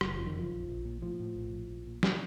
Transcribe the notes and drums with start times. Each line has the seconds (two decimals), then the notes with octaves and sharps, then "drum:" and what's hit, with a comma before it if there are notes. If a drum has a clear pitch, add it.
0.01 F#1 F#3, drum: rim click
0.15 F2 F3
0.26 D#3
0.36 F#1 F3
0.52 A#1
0.69 A#1
0.85 A#2
1.02 A2 F3
1.20 A2
1.35 A#1
1.53 A#1
1.70 A#1
1.87 A#2
2.03 C3 F#3, drum: snare